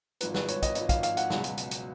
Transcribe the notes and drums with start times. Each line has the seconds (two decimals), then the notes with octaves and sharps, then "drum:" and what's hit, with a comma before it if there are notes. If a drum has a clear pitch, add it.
0.21 G#1 G#2 F3 B4, drum: hi-hat
0.34 B4, drum: snare
0.48 C#5, drum: hi-hat
0.62 D#5, drum: kick, hi-hat
0.75 G#1 G#2 F3 D#5, drum: hi-hat
0.89 F5, drum: kick, hi-hat
1.03 F5, drum: hi-hat
1.17 F#5, drum: hi-hat
1.30 C#2 B2 F#3, drum: snare
1.44 drum: hi-hat
1.58 drum: hi-hat
1.71 drum: hi-hat